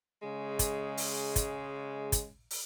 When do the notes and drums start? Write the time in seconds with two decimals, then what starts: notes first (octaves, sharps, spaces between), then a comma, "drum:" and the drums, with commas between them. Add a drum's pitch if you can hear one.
0.21 C#3 G#3
0.59 drum: kick, hi-hat
0.97 drum: open hi-hat
1.36 drum: kick, hi-hat
2.12 drum: kick, hi-hat
2.51 drum: open hi-hat